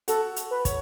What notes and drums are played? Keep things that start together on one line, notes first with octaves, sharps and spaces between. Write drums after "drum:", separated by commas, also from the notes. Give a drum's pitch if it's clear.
F#4 A4, drum: hi-hat
drum: hi-hat
B4
C#5, drum: kick, hi-hat